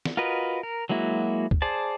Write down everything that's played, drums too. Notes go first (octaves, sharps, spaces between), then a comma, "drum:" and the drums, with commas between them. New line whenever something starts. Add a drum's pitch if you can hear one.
drum: snare
F4 F#4 A#4 B4 D#5
A#4
F#3 G#3 A#3 E4 F#4
drum: kick
G#4 C5 D5 A5